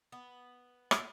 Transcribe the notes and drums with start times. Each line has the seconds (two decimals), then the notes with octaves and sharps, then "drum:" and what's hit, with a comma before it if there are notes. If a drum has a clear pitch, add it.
0.12 B3
0.91 drum: rim click